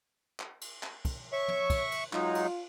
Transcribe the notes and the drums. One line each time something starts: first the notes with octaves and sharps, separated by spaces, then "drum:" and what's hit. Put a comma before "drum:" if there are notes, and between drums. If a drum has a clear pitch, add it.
drum: clap
drum: cymbal
drum: clap
drum: kick, cymbal
C#5 E5 C#6
drum: tom
drum: kick, cymbal
drum: cymbal
F#3 G#3 D#4 F4, drum: clap
drum: cymbal